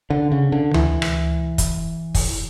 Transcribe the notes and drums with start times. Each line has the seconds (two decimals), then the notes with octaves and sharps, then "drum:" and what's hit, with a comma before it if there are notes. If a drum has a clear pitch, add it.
0.10 D3
0.32 C#3
0.52 D3
0.74 E3, drum: tom D2
1.02 drum: rim click
1.58 drum: kick, hi-hat
2.15 drum: kick, open hi-hat